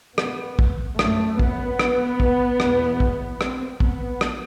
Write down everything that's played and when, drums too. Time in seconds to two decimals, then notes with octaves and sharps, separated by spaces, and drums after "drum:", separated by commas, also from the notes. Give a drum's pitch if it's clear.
0.18 B3, drum: rim click
0.59 drum: kick
0.99 F#2 A3, drum: rim click
1.39 B3, drum: kick
1.79 drum: rim click
2.20 drum: kick
2.60 E2 B2, drum: rim click
3.00 drum: kick
3.41 C4, drum: rim click
3.80 B3, drum: kick
4.21 drum: rim click